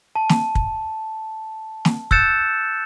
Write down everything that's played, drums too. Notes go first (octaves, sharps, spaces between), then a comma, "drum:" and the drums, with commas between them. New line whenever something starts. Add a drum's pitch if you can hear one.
A5
drum: snare
drum: kick
drum: snare
E6 F#6 G6 A6 C#7 E7, drum: kick